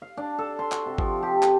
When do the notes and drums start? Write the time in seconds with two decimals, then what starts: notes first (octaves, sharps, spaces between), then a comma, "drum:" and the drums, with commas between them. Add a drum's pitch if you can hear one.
0.02 F5
0.17 D4
0.39 A4
0.59 C6
0.72 F#4, drum: clap
0.86 C3
0.98 F3, drum: kick G#1
1.23 G4
1.43 A4, drum: clap